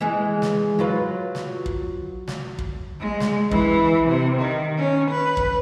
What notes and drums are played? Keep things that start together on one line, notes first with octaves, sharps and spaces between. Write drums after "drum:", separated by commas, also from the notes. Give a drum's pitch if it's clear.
E3 G#3 G#4
drum: snare
F#3 F4 B4
drum: snare
drum: kick
drum: snare
drum: kick
G#3
drum: snare
E3, drum: kick
C3
D#3
C#4
B4
drum: kick